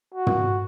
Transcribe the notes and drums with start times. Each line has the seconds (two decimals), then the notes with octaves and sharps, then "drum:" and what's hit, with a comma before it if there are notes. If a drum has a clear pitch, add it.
0.14 F#4
0.27 drum: tom